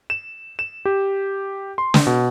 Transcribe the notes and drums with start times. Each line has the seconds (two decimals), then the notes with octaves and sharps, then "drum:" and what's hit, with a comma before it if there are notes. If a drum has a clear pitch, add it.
0.10 E7
0.59 E7
0.85 G4
1.78 C6
1.94 drum: snare
2.07 B2